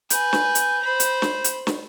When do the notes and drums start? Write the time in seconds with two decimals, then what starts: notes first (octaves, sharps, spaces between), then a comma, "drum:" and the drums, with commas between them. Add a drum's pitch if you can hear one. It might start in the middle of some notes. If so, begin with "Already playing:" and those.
0.10 B4 G#5 G6, drum: hi-hat
0.33 drum: snare
0.55 drum: hi-hat
0.83 C5 B5
1.00 drum: hi-hat
1.22 drum: snare
1.44 drum: hi-hat
1.67 drum: snare